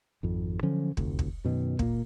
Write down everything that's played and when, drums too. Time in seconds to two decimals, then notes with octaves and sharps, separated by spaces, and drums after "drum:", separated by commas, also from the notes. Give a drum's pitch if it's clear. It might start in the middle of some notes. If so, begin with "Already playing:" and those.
0.23 G#1 F2
0.63 D3 F3 F#3 C#4
0.97 F1 D2, drum: kick
1.19 drum: kick
1.44 F#2 B2 D#3
1.79 A#2 A#3, drum: kick